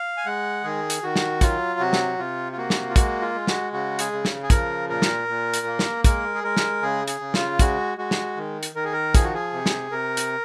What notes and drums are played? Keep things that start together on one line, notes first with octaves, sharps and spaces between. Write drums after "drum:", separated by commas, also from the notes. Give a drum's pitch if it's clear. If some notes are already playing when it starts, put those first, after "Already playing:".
Already playing: F5
G#5
G#3 F#5
D#3 G#4
drum: hi-hat
D#3 F#4
drum: snare
F#3 F4, drum: kick, hi-hat
C3 F#4
drum: snare
C3 F4
F4
A#3 F#4
drum: snare
F4
G#3 F#4, drum: kick, hi-hat
F4
G#3
F#4, drum: snare
C#3 F#4
G#4, drum: hi-hat
C#3
drum: snare
G#4
F3 A#4, drum: kick, hi-hat
A#2 A#4
drum: snare
A#2
drum: hi-hat
A#3
drum: snare
G#3 A#4, drum: kick, hi-hat
G#4
G#3 A#4
drum: snare
C#3 G#4
G#4, drum: hi-hat
C#3
F4, drum: snare
G#3 F#4, drum: kick, hi-hat
G#3 F#4
drum: snare
D#3
drum: hi-hat
D#3 A#4
G#4
A#4
F3 G#4, drum: kick, hi-hat
F#4
G#4
C3
drum: snare
C3 A#4
drum: hi-hat